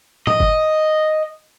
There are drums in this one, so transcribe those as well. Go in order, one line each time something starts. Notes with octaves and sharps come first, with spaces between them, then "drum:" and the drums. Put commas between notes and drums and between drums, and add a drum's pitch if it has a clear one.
D#5, drum: tom
drum: kick